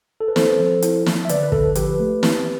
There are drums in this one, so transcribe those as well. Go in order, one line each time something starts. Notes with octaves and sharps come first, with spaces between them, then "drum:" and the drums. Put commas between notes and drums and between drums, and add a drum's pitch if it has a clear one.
A4
B4
C4 A4 C5, drum: snare
F3
E4, drum: hi-hat
F3, drum: snare
E5
D3 B4 D5, drum: hi-hat
B4
D3 A4, drum: kick
F3 G4 B4, drum: hi-hat
A3
C4, drum: snare